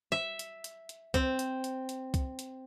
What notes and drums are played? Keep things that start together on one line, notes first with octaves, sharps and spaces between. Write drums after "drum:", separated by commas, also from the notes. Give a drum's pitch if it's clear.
E5
drum: hi-hat
drum: hi-hat
drum: hi-hat
C4, drum: kick C2, hi-hat
drum: hi-hat
drum: hi-hat
drum: hi-hat
drum: kick C2, hi-hat
drum: hi-hat